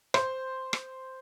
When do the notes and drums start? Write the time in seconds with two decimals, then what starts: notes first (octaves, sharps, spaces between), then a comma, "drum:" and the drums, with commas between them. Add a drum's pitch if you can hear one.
0.14 C5, drum: rim click
0.73 drum: rim click